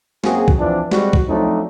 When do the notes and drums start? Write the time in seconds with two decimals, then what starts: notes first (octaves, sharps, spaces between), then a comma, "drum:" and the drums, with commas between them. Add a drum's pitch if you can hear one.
0.24 F#2 A#3 C4 F#4 G#4, drum: snare
0.48 drum: kick
0.58 E3 F3 C4 D4
0.91 G3 G#3 C4 F#4, drum: snare
1.13 drum: kick
1.28 F3 F#3 A3 C4 D4 D#4